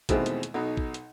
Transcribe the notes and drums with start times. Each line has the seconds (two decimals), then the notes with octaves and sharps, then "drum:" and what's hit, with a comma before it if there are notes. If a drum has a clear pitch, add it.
0.09 E2 B2 D#3 G#3 A3 C4, drum: kick A1, hi-hat
0.26 drum: hi-hat
0.43 drum: hi-hat
0.54 B1 B2 D#4
0.77 drum: kick A1
0.94 drum: hi-hat